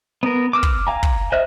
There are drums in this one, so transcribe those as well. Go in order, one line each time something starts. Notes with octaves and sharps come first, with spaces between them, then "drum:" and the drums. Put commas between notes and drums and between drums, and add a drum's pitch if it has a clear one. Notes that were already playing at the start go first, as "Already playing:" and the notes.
B3 A#4
D6 E6 F6
drum: kick
F5 G#5 A#5
drum: kick
C5 D#5 E5 F6 F#6